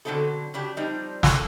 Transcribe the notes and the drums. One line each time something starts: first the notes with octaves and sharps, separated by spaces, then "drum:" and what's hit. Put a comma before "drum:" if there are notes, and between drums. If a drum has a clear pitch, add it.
B2 D3 F#3 C4 D#4 A4
C#3 F#3 D4 G4
F3 G3 C4 D4 D#4
A#3 C#4 A4, drum: snare